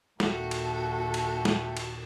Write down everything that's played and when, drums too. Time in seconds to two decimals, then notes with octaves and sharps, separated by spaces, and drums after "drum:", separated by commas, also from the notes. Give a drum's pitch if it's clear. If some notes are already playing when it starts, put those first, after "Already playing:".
0.20 D#2 A#2 F#4 A4 E5 G5 B5, drum: snare
0.51 drum: cymbal
1.14 drum: cymbal
1.45 drum: snare
1.77 drum: cymbal